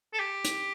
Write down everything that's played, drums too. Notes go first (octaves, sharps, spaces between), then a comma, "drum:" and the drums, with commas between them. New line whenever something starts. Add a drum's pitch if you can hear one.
A4
G4
drum: hi-hat